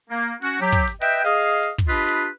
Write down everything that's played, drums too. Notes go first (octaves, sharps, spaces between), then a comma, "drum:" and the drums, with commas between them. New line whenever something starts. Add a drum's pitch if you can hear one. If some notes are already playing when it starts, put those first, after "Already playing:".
A#3
C#4 F#4, drum: open hi-hat
F#3 G4
drum: kick, hi-hat
drum: hi-hat
B4 D#5 E5 G5, drum: hi-hat
G#4 D#5 F5
drum: open hi-hat
drum: kick, open hi-hat
D4 F4 G4 B4 D#5 B5
drum: hi-hat